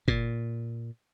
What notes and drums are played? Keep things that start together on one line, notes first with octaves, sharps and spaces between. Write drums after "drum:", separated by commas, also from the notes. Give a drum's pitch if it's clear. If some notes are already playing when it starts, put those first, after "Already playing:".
A#2, drum: kick